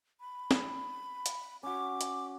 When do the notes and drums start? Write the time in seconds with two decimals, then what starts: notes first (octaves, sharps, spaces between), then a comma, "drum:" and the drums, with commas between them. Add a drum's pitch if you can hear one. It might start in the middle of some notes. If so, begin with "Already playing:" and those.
0.20 B5
0.51 drum: snare
1.26 drum: hi-hat
1.63 C#4 F#4 D6
2.01 drum: hi-hat